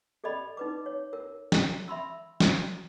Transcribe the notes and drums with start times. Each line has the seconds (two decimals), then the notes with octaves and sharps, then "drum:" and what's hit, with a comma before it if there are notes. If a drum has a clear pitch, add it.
0.24 G#4 A4 D5 D#5 B5
0.57 D#4 B4 D6
0.86 C#5
1.13 A#4
1.52 drum: snare
1.88 E5 B5 C6 E6
2.40 drum: snare